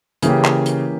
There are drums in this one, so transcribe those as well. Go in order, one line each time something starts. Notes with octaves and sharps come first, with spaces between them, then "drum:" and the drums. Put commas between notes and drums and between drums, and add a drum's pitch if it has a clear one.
C#3 E3 A#3 C#4 G4, drum: hi-hat
drum: clap
drum: hi-hat